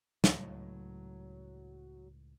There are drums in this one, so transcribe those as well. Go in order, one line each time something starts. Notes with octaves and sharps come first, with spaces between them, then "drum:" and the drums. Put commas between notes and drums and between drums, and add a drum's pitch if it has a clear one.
C#2 A2 F#3, drum: snare